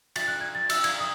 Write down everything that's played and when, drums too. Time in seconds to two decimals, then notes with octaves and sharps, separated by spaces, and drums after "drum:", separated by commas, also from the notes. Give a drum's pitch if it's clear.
0.16 A6, drum: cymbal
0.28 F#6
0.41 G#6
0.55 A6
0.70 E6, drum: cymbal
0.84 G#6, drum: cymbal
1.00 D#6